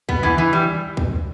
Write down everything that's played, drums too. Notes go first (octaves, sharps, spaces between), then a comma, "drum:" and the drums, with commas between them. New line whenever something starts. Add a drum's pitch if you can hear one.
B3, drum: kick C#2
E3
E3
G3
drum: kick C#2